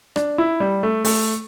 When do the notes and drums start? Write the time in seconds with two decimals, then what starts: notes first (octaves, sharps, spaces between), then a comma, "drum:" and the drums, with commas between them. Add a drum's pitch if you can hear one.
0.16 D4, drum: rim click
0.38 E4
0.60 G3
0.83 A3
1.05 A3, drum: open hi-hat